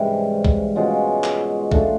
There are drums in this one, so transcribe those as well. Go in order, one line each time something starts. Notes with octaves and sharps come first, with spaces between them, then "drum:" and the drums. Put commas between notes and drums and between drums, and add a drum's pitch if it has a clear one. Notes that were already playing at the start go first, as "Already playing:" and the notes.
Already playing: G#2 C3 E3 G3 C#4
drum: kick B1
B2 G#3 C#4 F4
drum: clap
E3 A3 D4 F4, drum: kick B1